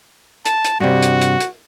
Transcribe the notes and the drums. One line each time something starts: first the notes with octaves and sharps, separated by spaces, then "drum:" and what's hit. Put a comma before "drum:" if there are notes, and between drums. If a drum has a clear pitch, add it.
A5, drum: hi-hat
drum: hi-hat
G2 C3 F#4
drum: hi-hat
drum: hi-hat
drum: hi-hat